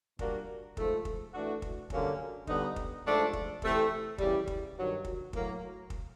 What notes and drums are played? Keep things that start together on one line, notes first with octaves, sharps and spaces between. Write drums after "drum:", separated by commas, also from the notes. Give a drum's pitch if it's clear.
A#2 G3 A#3 D4 F#4, drum: kick
G#2 F3 A3, drum: kick
drum: kick
E3 A3 D4 F#4
drum: kick
G2 D3 F#3 A#3 C#4, drum: kick
D3 G3 B3 D#4, drum: kick
drum: kick
G#2 F3 A3 D4
drum: kick
C3 E3 A3 C4, drum: kick
C#3 E3 G3, drum: kick
drum: kick
G2 D#3 F#3
drum: kick
A2 F#3 A#3, drum: kick
drum: kick